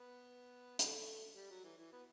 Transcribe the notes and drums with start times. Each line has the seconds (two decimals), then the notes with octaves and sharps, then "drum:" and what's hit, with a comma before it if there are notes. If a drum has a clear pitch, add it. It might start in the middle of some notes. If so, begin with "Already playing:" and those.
Already playing: B3
0.79 F#3 A3, drum: hi-hat
1.35 G3
1.50 F#3
1.64 E3
1.78 E3
1.92 B3